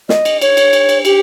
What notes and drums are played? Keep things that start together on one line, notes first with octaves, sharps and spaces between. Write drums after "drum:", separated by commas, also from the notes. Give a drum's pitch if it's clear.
D#5, drum: snare
drum: cymbal
C#5, drum: cymbal
drum: cymbal
drum: cymbal
drum: cymbal
G4, drum: cymbal